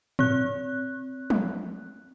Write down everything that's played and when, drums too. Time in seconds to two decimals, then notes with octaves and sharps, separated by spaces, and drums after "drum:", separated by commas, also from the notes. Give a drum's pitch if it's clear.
0.19 C4 F#6, drum: tom
1.30 drum: tom